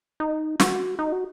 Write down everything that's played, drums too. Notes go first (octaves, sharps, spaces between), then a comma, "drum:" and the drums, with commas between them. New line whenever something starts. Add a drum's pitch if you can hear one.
D#4
F#4, drum: snare
D#4
F#4